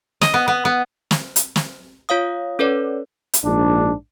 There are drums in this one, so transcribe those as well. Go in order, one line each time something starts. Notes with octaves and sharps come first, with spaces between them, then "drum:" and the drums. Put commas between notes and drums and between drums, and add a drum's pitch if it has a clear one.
D#5, drum: snare
B3
B3
B3
drum: snare
drum: hi-hat
drum: snare
F4 C#5 F5 D#6
C#4 A4 B4 C#5 D5
drum: hi-hat
A#1 G#2 D4